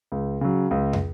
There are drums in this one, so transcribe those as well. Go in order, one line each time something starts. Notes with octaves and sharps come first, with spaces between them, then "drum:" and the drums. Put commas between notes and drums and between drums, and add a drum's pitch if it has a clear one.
C#2
C#3 F#3
C#2
drum: tom